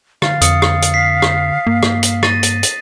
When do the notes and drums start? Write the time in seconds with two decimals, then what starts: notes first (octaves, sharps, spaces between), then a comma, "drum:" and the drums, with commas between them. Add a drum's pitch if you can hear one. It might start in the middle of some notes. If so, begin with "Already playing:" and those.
0.22 D3 F5 A6, drum: rim click
0.41 F2 D#6 C#7, drum: hi-hat
0.62 drum: rim click
0.82 drum: hi-hat
0.94 B6 C7
1.22 drum: rim click
1.67 G2 A#3
1.83 drum: rim click
2.03 drum: hi-hat
2.23 A6 A#6 D#7, drum: rim click
2.43 drum: hi-hat
2.63 drum: hi-hat